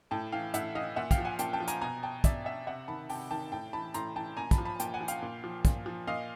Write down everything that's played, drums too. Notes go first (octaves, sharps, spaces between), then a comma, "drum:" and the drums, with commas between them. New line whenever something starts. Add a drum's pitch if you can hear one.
A2 G5 A5
E3 F5 G5
A2 E5 F#5, drum: hi-hat
E3 D#5 F5
A#2 E5 F#5
F5 G5, drum: kick, hi-hat
F3
F#5 G#5
A#2 G5 A5, drum: hi-hat
G5 A5
F3
G#5 A#5, drum: hi-hat
B2 G#5 A#5
G5 A5
B2 D5 E5, drum: kick, hi-hat
E5 F#5
C3 E5 F#5
D#3 A5 B5
C3 G5 A5, drum: open hi-hat
D#3 G5 A5
A2 G5 A5
E3 A5 B5
A2 A#5 C6, drum: hi-hat
E3 G5 A5
A#2 G#5 A#5
A5 B5, drum: kick, hi-hat
F3
A5 B5
A#2 G5 A5, drum: hi-hat
F#5 G#5
F3
F5 G5, drum: hi-hat
A#2
F3
A#2, drum: kick, hi-hat
F3
A#2 D#5 F5